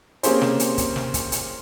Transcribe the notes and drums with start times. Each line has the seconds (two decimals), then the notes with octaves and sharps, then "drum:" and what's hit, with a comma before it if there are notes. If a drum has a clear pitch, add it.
0.23 A#3 C4 C#4 G4 G#4 C5, drum: hi-hat
0.41 drum: snare
0.60 drum: hi-hat
0.78 drum: kick, hi-hat
0.96 drum: snare
1.14 drum: kick, hi-hat
1.32 drum: hi-hat